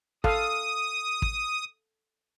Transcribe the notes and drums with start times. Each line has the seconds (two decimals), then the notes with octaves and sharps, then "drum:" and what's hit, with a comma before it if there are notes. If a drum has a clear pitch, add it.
0.24 A4 F5 D#6, drum: kick
1.22 drum: kick